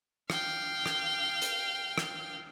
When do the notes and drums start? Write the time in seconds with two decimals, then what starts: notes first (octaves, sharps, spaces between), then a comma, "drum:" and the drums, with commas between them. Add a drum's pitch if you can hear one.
0.30 F5 G5, drum: rim click
0.86 drum: rim click
1.42 drum: hi-hat
1.98 drum: rim click